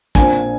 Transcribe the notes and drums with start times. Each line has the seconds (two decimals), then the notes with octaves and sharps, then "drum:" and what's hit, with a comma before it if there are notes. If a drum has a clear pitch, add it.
0.15 A#1 A#2 F3 C4 G#5, drum: kick, hi-hat